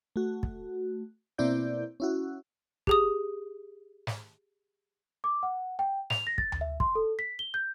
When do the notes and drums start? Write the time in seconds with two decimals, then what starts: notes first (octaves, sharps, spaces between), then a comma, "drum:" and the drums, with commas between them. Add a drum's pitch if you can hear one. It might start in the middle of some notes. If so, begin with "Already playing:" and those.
0.16 A3 F#4
0.43 drum: kick
1.38 B2 A#3 C4 E4 D5 G6
2.00 C#4 E4 F#4
2.87 G4 G#4 D#6, drum: kick
4.07 drum: snare
5.24 D6
5.43 F#5
5.79 G5
6.10 F7, drum: snare
6.27 A#6
6.38 A6, drum: kick
6.52 drum: tom D2
6.61 E5
6.80 C6, drum: kick
6.95 A4
7.19 B6
7.39 G7
7.54 G6